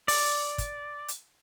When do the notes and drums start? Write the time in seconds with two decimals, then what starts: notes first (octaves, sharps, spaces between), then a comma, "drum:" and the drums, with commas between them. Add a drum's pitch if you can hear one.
0.08 D5, drum: open hi-hat
0.58 drum: kick, hi-hat
1.08 drum: hi-hat